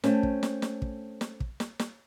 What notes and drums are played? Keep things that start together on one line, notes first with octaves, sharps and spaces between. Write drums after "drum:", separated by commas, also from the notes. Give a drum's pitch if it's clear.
A3 C4 C#4, drum: snare
drum: kick
drum: snare
drum: snare
drum: kick
drum: snare
drum: kick
drum: snare
drum: snare